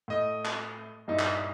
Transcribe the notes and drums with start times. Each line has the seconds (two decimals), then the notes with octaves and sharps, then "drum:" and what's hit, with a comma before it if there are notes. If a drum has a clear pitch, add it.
0.08 A2 D#5
0.45 drum: clap
1.08 G2 A#2 D#4 E4
1.19 drum: clap